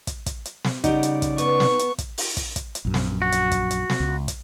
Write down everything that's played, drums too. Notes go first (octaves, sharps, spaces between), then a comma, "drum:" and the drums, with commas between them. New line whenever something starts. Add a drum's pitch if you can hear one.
drum: kick, hi-hat
drum: kick, hi-hat
drum: hi-hat
drum: snare
C#3 G3 D#4 G4 D5 F#5, drum: kick, hi-hat
drum: hi-hat
drum: kick, hi-hat
B3 B4 C#6, drum: hi-hat
drum: snare
drum: hi-hat
drum: kick, hi-hat
drum: open hi-hat
drum: kick, hi-hat
drum: kick, hi-hat
drum: hi-hat
A#1 F#2
drum: snare
F#4
drum: hi-hat
drum: kick, hi-hat
drum: hi-hat
drum: snare
C#2
drum: kick, hi-hat